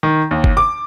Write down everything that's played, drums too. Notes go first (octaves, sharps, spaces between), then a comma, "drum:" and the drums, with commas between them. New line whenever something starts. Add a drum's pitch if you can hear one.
D#3
D#2
drum: kick G1
D6